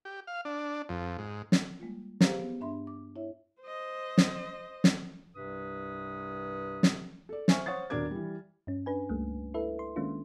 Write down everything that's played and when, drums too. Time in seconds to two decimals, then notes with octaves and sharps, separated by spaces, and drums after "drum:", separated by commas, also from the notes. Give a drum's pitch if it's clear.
0.05 G4
0.27 F5
0.45 D4
0.89 F2
1.19 G#2
1.52 drum: snare
1.80 G3 G#3 A#3 F4
2.21 G4 G#4 B4 C5 F5 A#5, drum: snare
2.40 B3
2.61 G2 D4 E5 B5 C6
2.87 D6
3.16 E4 C#5 E5
3.62 C5 D#5
4.18 drum: snare
4.84 drum: snare
5.34 C2 G2 C3 B4 D#6
6.83 drum: snare
7.29 A4 D5
7.48 C5 E5 G#5 C#6 F6, drum: snare
7.66 C5 C#5 F#5 C#6 D#6 A6
7.90 D#1 B2 D4 A#4 D6 G#6
8.11 E3 G3
8.67 G2 C#4
8.86 D4 B4 G#5
9.09 C#2 G3 A3 A#3
9.54 E4 A4 B4 E5
9.79 C6
9.96 D#3 G#3 A#3 C#4 D4 F4